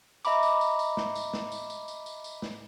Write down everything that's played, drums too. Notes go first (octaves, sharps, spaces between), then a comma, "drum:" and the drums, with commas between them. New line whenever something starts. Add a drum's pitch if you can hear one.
D#5 E5 A#5 B5 D6, drum: tambourine
drum: tambourine
drum: tambourine
drum: tambourine
drum: snare
drum: tambourine
drum: snare
drum: tambourine
drum: tambourine
drum: tambourine
drum: tambourine
drum: tambourine
drum: snare